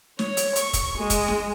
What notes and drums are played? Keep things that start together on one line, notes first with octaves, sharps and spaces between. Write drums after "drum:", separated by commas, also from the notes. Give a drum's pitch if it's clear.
C#5, drum: snare
drum: hi-hat
C#6, drum: hi-hat
drum: kick, hi-hat
G#3
drum: kick, hi-hat
drum: snare